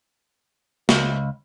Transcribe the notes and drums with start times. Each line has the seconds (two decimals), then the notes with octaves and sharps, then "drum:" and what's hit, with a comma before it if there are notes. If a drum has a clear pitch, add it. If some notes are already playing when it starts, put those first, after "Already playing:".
0.89 C#2, drum: snare